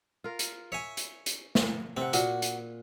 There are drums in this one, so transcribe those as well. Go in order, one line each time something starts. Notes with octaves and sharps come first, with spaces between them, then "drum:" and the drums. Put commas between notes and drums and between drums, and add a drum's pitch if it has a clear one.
F4 A#4
drum: hi-hat
C#5 E5 G#5
drum: hi-hat
drum: hi-hat
drum: snare
C3 C4 F#5
A#2 F#4, drum: hi-hat
drum: hi-hat